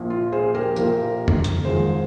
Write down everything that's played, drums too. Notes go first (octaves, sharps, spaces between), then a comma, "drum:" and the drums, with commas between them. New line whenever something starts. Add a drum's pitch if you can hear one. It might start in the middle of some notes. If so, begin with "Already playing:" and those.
Already playing: A#1 A#2 F3
F4
G#4 C5
G4 A#4
A#1 A#2 F3 G4 A#4, drum: tambourine
drum: tom F2
drum: hi-hat
G#1 G#2 F3 G#4 C5